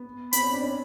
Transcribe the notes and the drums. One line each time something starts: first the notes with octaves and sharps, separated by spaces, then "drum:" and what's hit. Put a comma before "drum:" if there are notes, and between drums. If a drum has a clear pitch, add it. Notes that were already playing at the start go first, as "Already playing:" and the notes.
Already playing: B3
C4 B5, drum: hi-hat
C#4
D4
C#4